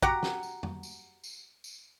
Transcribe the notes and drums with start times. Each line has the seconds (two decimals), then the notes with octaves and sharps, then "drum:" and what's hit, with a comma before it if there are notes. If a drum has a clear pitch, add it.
0.02 F#4 G4 F#5 A#5, drum: kick
0.23 drum: snare
0.43 drum: tambourine
0.63 drum: tom F2
0.83 drum: tambourine
1.24 drum: tambourine
1.64 drum: tambourine